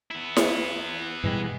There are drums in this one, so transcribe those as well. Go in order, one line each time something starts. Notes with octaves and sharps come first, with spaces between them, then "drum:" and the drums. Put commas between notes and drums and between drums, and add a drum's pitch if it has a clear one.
B3 E4
drum: snare E4
G2 B2 E3 G3 G#3